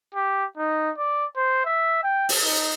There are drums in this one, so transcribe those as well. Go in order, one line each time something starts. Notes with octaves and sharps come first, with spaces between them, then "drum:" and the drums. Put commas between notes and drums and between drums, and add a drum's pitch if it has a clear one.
G4
D#4
D5
C5
E5
G5
drum: open hi-hat
D#4